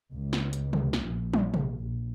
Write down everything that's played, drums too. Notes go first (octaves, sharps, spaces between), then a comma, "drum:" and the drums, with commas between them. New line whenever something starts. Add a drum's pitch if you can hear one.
C#2
drum: snare
drum: hi-hat
drum: tom
drum: snare
A#1
drum: tom
drum: tom
A#1